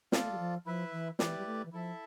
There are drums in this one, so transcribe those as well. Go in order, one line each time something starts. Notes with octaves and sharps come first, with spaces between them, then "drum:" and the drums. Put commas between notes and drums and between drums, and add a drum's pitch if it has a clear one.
C4 F4 A4 D5 F5, drum: snare
A3
G3
F3
F3 E4 B4 E5
E3
E3 E4 G4 B4 D5, drum: snare
G3
A3
E3
F3 E4 A4 E5